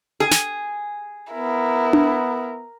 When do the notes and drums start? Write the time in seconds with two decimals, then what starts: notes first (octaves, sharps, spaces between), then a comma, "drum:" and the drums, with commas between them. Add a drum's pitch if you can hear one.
0.20 G#4
0.31 drum: snare
1.33 B3 E4 A#4
1.93 drum: tom D4